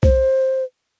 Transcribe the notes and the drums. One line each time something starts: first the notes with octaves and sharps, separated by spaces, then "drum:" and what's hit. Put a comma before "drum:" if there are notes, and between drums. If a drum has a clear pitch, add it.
C5, drum: kick B1